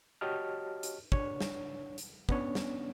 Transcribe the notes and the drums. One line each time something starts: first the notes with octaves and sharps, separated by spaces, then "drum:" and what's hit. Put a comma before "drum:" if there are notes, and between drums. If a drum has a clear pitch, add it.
F#4 G4 C#5 D#5 A5 F6
drum: hi-hat
D4 C#5, drum: kick
drum: snare
drum: hi-hat
B3 C#4 D4 C#5, drum: kick
drum: snare